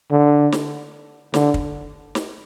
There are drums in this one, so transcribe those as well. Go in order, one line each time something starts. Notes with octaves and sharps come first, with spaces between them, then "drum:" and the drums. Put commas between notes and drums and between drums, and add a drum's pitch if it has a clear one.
D3
drum: snare
D3, drum: snare
drum: kick
drum: snare